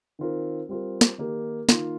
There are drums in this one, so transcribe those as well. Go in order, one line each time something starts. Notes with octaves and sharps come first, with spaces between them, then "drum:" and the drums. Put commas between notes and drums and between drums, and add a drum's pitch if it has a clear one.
D#3 C4 F4 A#4
G3 C4 F4 A#4
drum: snare
D#3 A#3 D#4 G4
D#3 A#3 F4, drum: snare